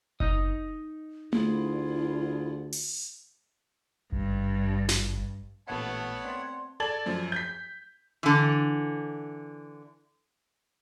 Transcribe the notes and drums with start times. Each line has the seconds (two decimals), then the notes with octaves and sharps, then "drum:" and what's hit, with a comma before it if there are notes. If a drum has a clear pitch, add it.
0.20 D#4 D#5, drum: kick F#1
1.33 D2 E4 F4 G#4, drum: tom A3
2.72 drum: open hi-hat
4.12 G#1 G2
4.89 drum: snare
5.68 A1 A#2 A3 B3 C#5 E5 F#5 A5
6.24 C4 D5 C6
6.80 A4 D5 A5 G#6 F#7
7.06 F#2 F3
7.32 G6 B6
8.23 D3 E3